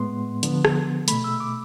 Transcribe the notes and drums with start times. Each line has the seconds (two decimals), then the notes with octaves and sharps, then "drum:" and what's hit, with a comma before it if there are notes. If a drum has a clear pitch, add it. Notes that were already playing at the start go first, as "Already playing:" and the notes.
Already playing: A2 G#3 B3 C6
0.43 D3 F3 B3, drum: hi-hat
0.65 drum: rim click
1.08 B2 A3 B5, drum: hi-hat
1.24 E6
1.40 D6